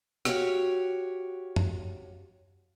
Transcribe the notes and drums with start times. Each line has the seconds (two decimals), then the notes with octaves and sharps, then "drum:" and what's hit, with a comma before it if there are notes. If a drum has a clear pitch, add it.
0.25 F#4 G4 C#5 E5 F5, drum: rim click
1.56 drum: tom F#2